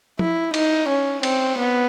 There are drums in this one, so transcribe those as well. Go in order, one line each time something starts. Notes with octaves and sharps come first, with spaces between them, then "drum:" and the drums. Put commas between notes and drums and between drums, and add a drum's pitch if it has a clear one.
E4, drum: tom
D#4, drum: cymbal
C#4
C4, drum: cymbal
B3